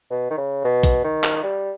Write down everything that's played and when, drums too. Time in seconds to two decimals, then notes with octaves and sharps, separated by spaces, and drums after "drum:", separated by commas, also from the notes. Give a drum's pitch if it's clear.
0.11 B2
0.30 D#3
0.37 C#3
0.64 B2
0.83 drum: kick, hi-hat
1.04 D#3
1.24 drum: clap
1.43 G3